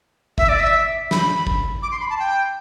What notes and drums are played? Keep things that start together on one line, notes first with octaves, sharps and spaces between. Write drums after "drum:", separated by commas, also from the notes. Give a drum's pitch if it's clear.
E5, drum: kick
D5
E5
B5, drum: snare
drum: kick
D6
C6
B5
A5
G5